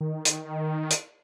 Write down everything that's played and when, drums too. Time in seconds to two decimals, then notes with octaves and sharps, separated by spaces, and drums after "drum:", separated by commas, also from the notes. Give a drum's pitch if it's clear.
0.01 D#3
0.25 drum: hi-hat
0.90 drum: hi-hat